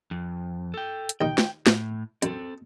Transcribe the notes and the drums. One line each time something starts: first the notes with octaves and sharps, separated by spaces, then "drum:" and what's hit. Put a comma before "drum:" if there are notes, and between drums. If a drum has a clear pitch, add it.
F2
A4 G5
drum: hi-hat
D#2 D#3 G5
drum: snare
A2, drum: snare
F#2 C4 A4, drum: hi-hat